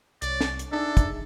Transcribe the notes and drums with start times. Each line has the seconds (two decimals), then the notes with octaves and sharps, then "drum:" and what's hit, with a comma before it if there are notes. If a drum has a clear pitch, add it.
0.22 C2 C#5 D5, drum: hi-hat
0.41 drum: snare
0.59 drum: hi-hat
0.72 D4 D#4 G#4 A4 E5
0.97 drum: kick, hi-hat